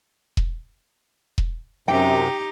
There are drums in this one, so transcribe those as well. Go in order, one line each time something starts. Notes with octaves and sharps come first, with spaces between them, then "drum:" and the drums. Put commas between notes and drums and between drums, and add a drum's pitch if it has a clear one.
drum: kick E1
drum: kick E1
F#2 C3 D#4 G4 G5